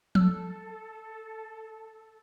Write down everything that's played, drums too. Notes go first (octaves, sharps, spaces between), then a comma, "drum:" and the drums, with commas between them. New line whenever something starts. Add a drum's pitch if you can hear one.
A4 E6, drum: tom F3